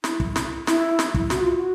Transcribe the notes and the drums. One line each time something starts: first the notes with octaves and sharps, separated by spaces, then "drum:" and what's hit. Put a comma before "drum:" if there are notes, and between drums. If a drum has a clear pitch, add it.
E4, drum: snare
drum: kick
drum: snare
E4, drum: snare
drum: snare
drum: kick
F#4, drum: snare
F4
F#4